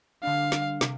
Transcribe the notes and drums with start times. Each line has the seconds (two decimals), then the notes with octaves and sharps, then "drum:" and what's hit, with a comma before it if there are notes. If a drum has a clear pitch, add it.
0.23 D3 G3 D4 F5
0.52 drum: snare
0.81 C3, drum: snare